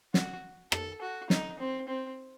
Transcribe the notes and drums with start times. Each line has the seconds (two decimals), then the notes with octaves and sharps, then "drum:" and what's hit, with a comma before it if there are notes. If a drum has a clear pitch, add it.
0.14 F#4, drum: snare
0.72 A4, drum: rim click
1.02 F#4
1.30 D#4, drum: snare
1.59 C4
1.88 C4